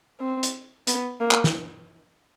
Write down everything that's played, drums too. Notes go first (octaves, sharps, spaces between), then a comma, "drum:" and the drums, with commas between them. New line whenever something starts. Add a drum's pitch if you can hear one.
C4
drum: hi-hat
B3, drum: hi-hat
A#3
drum: clap
drum: snare